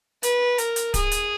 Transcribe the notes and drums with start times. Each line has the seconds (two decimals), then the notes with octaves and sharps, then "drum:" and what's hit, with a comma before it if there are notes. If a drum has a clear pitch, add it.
0.23 B4, drum: hi-hat
0.58 A#4, drum: hi-hat
0.76 drum: hi-hat
0.94 G#4, drum: kick D1, hi-hat
1.11 drum: hi-hat